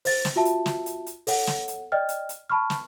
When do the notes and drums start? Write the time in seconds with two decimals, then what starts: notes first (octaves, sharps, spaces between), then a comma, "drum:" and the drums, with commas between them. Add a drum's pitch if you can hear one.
0.05 C5 A6, drum: open hi-hat
0.25 drum: snare
0.36 F4 F#4 E5 A5
0.45 drum: hi-hat
0.66 drum: snare
0.86 drum: hi-hat
1.06 drum: hi-hat
1.27 A4 C#5 F#5, drum: open hi-hat
1.47 drum: snare
1.68 drum: hi-hat
1.92 D5 D#5 G5 F6
2.09 drum: hi-hat
2.29 drum: hi-hat
2.50 A5 B5 C#6 F6
2.70 drum: snare